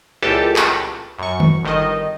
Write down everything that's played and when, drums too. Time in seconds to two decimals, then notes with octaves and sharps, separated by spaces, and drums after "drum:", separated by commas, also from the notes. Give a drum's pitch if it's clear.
0.22 C#2 A#2 E3 G4 A4 A5
0.56 drum: clap
1.18 F#2 C#6
1.40 drum: tom D#3
1.63 G1 D#3 D#5